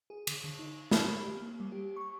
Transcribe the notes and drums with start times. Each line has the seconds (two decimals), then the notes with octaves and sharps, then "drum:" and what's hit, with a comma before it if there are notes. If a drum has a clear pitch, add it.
0.10 G#4
0.27 D3, drum: cymbal
0.44 D3
0.59 D#4
0.91 B5, drum: snare
1.20 G4
1.37 A#3
1.60 G3
1.72 G4
1.96 C#6